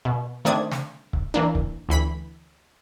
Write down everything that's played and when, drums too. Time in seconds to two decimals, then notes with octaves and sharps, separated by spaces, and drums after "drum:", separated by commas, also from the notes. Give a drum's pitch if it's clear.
0.05 B2
0.45 D#3 A3 C4 D4 D#6 G#6
0.72 drum: snare
1.13 drum: kick C#1
1.34 E3 A#3 D4
1.55 drum: kick C#1
1.89 D2 E3 B5 B6